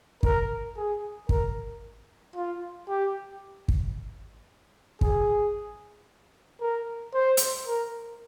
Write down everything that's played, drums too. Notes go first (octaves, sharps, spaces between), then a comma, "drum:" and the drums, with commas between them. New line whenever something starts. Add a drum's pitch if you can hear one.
A#4, drum: kick
G#4
A#4, drum: kick
F4
G4
drum: kick
G#4, drum: kick
A#4
C5
drum: hi-hat
A#4